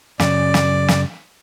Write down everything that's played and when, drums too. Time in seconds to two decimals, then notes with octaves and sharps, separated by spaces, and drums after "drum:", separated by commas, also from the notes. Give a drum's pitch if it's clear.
0.20 F#2 C#3 D5, drum: snare
0.54 drum: snare
0.88 drum: snare